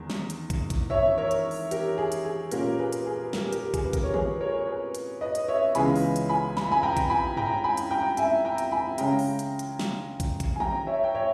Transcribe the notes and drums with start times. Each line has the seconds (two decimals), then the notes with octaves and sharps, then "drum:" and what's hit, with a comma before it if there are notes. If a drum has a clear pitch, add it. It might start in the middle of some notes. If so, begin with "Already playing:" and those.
Already playing: E2 D#3 G#3
0.10 drum: snare
0.30 drum: hi-hat
0.50 drum: kick, hi-hat
0.70 drum: kick, hi-hat
0.90 C#5 E5, drum: tom F#2
1.18 A#4 C#5
1.31 drum: hi-hat
1.51 drum: open hi-hat
1.71 G4 A#4, drum: hi-hat
1.98 G#4
2.12 drum: hi-hat
2.25 G#4
2.51 A#2 A#3 C#4 G4 A#4, drum: hi-hat
2.79 G#4 B4
2.92 drum: hi-hat
3.06 G#4
3.25 B4
3.33 G4 A#4, drum: snare
3.53 G4 A#4, drum: hi-hat
3.74 G#4, drum: kick, hi-hat
3.84 B4
3.93 G4 A#4, drum: kick, hi-hat
4.03 C#5
4.14 G#4 B4, drum: tom D3
4.40 A#4 C#5
4.59 C#5
4.67 G#4 B4
4.95 drum: hi-hat
5.21 B4 D#5
5.35 drum: hi-hat
5.48 C#5 E5
5.75 C#2 C#3 E3 G#3 B3 G#5 B5, drum: hi-hat
5.96 drum: open hi-hat
6.16 drum: hi-hat
6.29 G#5 B5
6.57 B5, drum: snare
6.72 G#5 B5
6.83 G5 A#5
6.97 drum: kick, hi-hat
7.10 G#5 B5
7.37 G5 A#5, drum: tom F#2
7.64 G#5 B5
7.77 drum: hi-hat
7.91 G5 A#5
8.17 E5 G#5, drum: hi-hat
8.45 G5 A#5
8.58 drum: hi-hat
8.72 G#5 B5
8.98 C#3 G#3 C#4 G5 A#5, drum: hi-hat
9.19 drum: open hi-hat
9.39 drum: hi-hat
9.59 drum: hi-hat
9.79 drum: snare
10.20 drum: kick, hi-hat
10.40 drum: kick, hi-hat
10.56 G#5
10.60 G5 A#5, drum: tom D3
10.87 C#5 E5
11.04 G5
11.15 C#5 E5